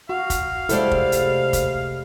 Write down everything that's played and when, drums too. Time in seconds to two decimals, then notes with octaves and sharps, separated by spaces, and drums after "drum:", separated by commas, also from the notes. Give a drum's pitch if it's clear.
0.09 F#4 F5
0.30 drum: kick, hi-hat
0.69 C3 G#3 A3 E4 A4 C5 D5, drum: hi-hat
0.91 drum: kick
1.12 drum: hi-hat
1.53 drum: kick, hi-hat